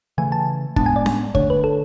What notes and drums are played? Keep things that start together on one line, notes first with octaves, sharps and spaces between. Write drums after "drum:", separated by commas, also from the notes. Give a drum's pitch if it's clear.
C#3 E3 A3 G#5
A5
A2 G#3 B3 D4 A5, drum: kick
G#5
D5
drum: snare C#4
D3 A3 D4 C#5, drum: kick
B4
A4